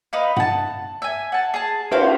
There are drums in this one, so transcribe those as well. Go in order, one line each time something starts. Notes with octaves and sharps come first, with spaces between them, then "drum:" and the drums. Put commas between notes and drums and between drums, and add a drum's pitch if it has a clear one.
D#4 B4 F5
F#5 A5, drum: tom G2
E5 G#5
F#5 A5
G#4 A5
E4 F#4 C5 F5, drum: cymbal